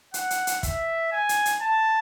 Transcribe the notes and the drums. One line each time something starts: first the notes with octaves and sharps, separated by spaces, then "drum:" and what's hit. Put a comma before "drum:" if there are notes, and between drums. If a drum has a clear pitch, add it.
F#5, drum: hi-hat
drum: hi-hat
drum: hi-hat
E5, drum: kick, hi-hat
G#5
drum: hi-hat
drum: hi-hat
A5